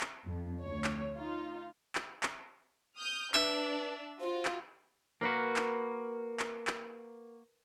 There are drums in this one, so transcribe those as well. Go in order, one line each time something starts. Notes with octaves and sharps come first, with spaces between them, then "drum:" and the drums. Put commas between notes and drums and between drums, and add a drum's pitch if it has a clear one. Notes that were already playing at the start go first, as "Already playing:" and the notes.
drum: clap
F2
D2 C#5
drum: clap
D#4 F4
drum: clap
drum: clap
D#6 F6 G6
D4 B4 E5, drum: clap
F4 F#4 C5
drum: clap
A#3 F#4 A#4 B4
drum: clap
drum: clap
drum: clap